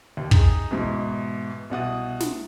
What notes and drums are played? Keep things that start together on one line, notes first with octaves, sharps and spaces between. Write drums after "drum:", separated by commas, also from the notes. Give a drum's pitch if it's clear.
D#2
D#4 G#4, drum: kick
G#2 B2 E3
C2 B2 F#5 D#6
drum: snare